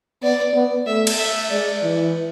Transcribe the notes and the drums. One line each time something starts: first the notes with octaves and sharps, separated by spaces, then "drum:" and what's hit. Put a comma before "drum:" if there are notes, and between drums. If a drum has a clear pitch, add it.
B3 D5
B3
A3 E5
drum: cymbal
E5
G#3 D5
E3